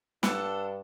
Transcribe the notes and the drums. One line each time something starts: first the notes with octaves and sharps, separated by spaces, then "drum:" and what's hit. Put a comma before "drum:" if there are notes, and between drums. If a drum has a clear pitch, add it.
G2 D4 A4 F#5, drum: snare